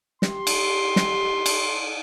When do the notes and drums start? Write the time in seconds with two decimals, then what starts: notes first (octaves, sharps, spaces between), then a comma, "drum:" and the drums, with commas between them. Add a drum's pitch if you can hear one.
0.22 G4 C6, drum: snare
0.47 drum: cymbal
0.96 drum: snare
1.46 drum: cymbal